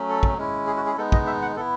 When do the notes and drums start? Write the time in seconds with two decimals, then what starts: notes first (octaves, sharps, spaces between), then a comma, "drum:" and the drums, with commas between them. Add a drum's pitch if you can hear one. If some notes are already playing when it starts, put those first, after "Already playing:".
Already playing: F#3 A3 C#4
0.09 A4
0.23 drum: kick
0.37 G#3 C#4 E4
0.67 G#4
0.77 F#4
0.86 G#4
0.97 G#3 B3 D#4 A4
1.12 D#5, drum: kick
1.26 E5
1.42 F#5
1.56 B3 E4 A4